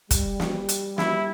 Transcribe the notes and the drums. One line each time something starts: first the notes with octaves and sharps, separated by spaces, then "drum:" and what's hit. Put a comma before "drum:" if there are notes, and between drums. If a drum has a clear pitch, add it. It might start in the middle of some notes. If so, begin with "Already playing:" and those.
G3, drum: kick, hi-hat
drum: snare
drum: hi-hat
E4, drum: snare